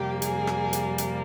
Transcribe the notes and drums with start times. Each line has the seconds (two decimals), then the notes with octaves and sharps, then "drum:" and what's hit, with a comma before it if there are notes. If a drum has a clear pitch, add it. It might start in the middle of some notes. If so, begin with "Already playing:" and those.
Already playing: F2 C3 G3 A#3 G4
0.22 G#4, drum: hi-hat
0.47 drum: rim click
0.73 drum: hi-hat
0.98 drum: hi-hat